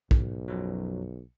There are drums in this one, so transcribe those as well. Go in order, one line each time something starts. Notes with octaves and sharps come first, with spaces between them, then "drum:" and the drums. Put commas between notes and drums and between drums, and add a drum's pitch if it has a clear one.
B1, drum: kick
F#2 F3 F#3